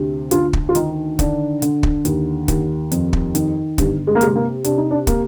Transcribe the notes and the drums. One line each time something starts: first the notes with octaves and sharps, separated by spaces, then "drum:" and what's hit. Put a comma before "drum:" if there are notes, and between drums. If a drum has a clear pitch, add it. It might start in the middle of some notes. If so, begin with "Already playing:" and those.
Already playing: D2 C3
D2 F4, drum: hi-hat
drum: kick
F4
D#3 D#4, drum: hi-hat
D3 D4, drum: kick, hi-hat
D3, drum: hi-hat
drum: kick
D#2, drum: hi-hat
D#2, drum: kick, hi-hat
F2, drum: hi-hat
drum: kick
D#3, drum: hi-hat
G1 G3, drum: kick, hi-hat
G#3
A#3
C3 G#3, drum: hi-hat
A#3
C3 D4, drum: hi-hat
D#4
D4
A#3, drum: kick, hi-hat